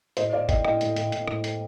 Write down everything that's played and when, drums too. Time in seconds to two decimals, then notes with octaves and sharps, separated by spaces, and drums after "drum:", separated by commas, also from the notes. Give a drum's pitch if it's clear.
0.17 A2 C5 D#5, drum: hi-hat
0.32 A2 D5 F5
0.49 A3 D#5 G5, drum: kick G1, hi-hat
0.65 A2 D#5 G5, drum: rim click
0.81 A2, drum: hi-hat
0.96 A2, drum: hi-hat
1.12 A2, drum: hi-hat
1.28 A2, drum: rim click
1.44 A3, drum: hi-hat